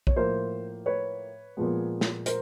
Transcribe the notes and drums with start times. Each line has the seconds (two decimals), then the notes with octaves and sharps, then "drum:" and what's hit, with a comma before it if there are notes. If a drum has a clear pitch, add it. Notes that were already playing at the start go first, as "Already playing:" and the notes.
0.07 C#5, drum: kick B1
0.16 A2 F3 A#3 A#4 C5
0.86 B4 C#5
1.57 A#2 F3 G#3 B3
2.01 drum: snare
2.26 A#4 C5, drum: hi-hat